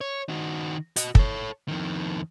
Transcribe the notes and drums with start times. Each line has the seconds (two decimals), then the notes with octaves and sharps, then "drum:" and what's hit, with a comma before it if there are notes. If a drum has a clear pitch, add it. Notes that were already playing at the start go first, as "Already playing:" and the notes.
0.01 C#5
0.29 D#3 F#4
0.96 F#4 D#5, drum: hi-hat
1.15 A4 C#5, drum: kick
1.68 F2 D#3